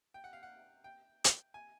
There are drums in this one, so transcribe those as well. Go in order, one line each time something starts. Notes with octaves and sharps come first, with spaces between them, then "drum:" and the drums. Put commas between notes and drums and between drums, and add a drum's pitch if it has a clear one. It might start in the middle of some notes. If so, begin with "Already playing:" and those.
G5
F#5
F5
F#5
G5
drum: hi-hat
G#5